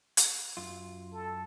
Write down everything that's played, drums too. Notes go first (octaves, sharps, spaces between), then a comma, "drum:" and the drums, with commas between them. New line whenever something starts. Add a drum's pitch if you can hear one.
drum: hi-hat
F#2 F4
A4